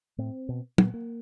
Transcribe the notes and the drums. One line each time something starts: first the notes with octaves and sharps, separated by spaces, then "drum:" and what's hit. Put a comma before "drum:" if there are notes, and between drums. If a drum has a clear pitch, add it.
A2 C4
B2
A#2 B3, drum: tom
A#3